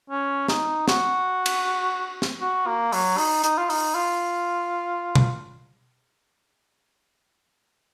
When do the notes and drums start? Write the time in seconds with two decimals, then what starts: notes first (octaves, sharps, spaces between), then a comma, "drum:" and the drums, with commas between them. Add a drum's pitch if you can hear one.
0.10 C#4
0.48 D#4, drum: snare
0.88 F#4, drum: snare
1.46 drum: cymbal
2.22 drum: snare
2.41 F#4
2.67 A#3
2.92 F#3, drum: open hi-hat
3.18 D#4, drum: open hi-hat
3.44 D#4, drum: hi-hat
3.58 F4
3.70 D#4, drum: open hi-hat
3.95 F4
5.15 drum: tom B2